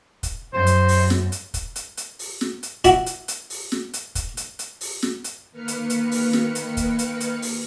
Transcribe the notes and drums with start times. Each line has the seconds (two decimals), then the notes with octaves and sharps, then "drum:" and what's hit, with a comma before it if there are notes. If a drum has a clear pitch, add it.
0.23 drum: kick, hi-hat
0.54 F#2 C5
0.67 drum: hi-hat
0.88 drum: open hi-hat
1.10 drum: snare
1.32 drum: hi-hat
1.54 drum: kick, hi-hat
1.76 drum: hi-hat
1.97 drum: hi-hat
2.19 drum: open hi-hat
2.41 drum: snare
2.63 drum: hi-hat
2.85 E4 F#4, drum: kick, hi-hat
3.06 drum: hi-hat
3.28 drum: hi-hat
3.50 drum: open hi-hat
3.72 drum: snare
3.93 drum: hi-hat
4.15 drum: kick, hi-hat
4.37 drum: hi-hat
4.59 drum: hi-hat
4.81 drum: open hi-hat
5.02 drum: snare
5.24 drum: hi-hat
5.52 D#3 A#3 B4 F6 C#7
5.68 drum: hi-hat
5.90 drum: hi-hat
6.11 drum: open hi-hat
6.33 drum: snare
6.55 drum: hi-hat
6.77 drum: kick, hi-hat
6.99 drum: hi-hat
7.20 drum: hi-hat
7.42 drum: open hi-hat